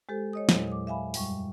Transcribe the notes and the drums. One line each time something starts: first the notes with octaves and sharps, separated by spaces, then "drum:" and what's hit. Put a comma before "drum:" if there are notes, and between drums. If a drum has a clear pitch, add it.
G#3 G4 A4 C5
C#5 D#5 D#6
E2 A#2 F#3 G#3 E4 C5, drum: snare
D6 D#6
E5 F5 G#5 B5
F#2 G3 C#6, drum: open hi-hat